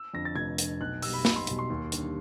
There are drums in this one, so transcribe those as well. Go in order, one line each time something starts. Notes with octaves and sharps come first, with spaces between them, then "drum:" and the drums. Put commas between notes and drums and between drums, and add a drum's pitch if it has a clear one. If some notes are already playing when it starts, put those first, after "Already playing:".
Already playing: E6
F2 D3 A#6
A6
F1 G#6
F2 D3, drum: hi-hat
B1 F#6
B2 G3 E6, drum: open hi-hat
B5
B1 B5, drum: snare
C6
B2 G3, drum: hi-hat
C6
D#2
D3 G3, drum: hi-hat